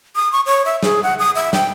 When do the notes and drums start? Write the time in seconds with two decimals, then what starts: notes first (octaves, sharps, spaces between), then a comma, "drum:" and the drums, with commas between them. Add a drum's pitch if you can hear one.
0.16 D#6
0.32 C#6
0.46 C#5
0.65 E5
0.83 G#4, drum: snare
1.03 F#5
1.19 D#6
1.35 E5
1.53 G5, drum: snare